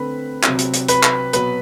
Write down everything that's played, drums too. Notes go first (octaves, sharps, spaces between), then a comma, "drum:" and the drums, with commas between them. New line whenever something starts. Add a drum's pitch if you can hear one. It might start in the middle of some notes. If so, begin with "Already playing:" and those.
Already playing: D3 A3 C4 B4 B5
C3 F#3 C4, drum: clap
drum: hi-hat
drum: hi-hat
B4 B5, drum: hi-hat
drum: clap
B2 F#3 B3 B4 B5, drum: hi-hat